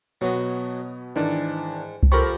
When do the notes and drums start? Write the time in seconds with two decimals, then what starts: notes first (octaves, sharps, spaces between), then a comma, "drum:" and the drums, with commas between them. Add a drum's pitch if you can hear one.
0.21 B2 F#3 B3 D#5
1.16 G#2 D#3 E3 D4
2.03 drum: kick C2
2.12 F3 G4 A4 A#4 B5 C#6